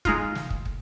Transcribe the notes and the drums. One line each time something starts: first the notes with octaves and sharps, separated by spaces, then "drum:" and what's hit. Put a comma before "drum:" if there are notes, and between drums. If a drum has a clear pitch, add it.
G#3 D#4 F4, drum: kick
drum: snare
drum: kick
drum: kick